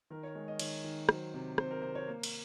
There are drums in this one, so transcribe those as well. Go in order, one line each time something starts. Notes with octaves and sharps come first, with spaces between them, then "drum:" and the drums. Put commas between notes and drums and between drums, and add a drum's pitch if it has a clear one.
D#3 A#4
C#5
G#3
D#5
D#3 C#5, drum: cymbal
D#3
F#3 C5, drum: rim click
C3
C3 C5, drum: rim click
A#4
C3 C5
C#5
A#3
drum: cymbal